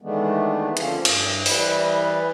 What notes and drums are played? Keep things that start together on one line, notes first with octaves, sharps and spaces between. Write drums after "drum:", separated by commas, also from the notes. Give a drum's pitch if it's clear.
D#3 E3 G#3 A3 B3 D4
D3 F3 A#3 C4 C#4, drum: hi-hat
G2, drum: cymbal
E3 G3 B4, drum: open hi-hat